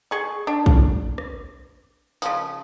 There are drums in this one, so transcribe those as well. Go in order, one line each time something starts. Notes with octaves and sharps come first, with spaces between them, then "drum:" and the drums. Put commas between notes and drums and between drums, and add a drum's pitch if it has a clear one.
G#4 C#6
D4
drum: kick
drum: rim click
C#3 F3, drum: tambourine